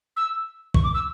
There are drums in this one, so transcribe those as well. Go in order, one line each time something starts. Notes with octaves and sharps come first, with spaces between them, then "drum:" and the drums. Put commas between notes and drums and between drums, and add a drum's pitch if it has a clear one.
E6
C#6, drum: kick
D6
E6